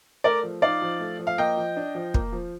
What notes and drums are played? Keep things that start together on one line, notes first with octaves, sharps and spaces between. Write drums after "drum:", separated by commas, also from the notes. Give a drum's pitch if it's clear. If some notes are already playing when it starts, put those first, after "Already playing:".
A3 A#4 D5
F3
D#4 D5 F5
F3
A3
F3
F5
A#3 D#5 G5
F3
D4
F3
A#3, drum: kick
F3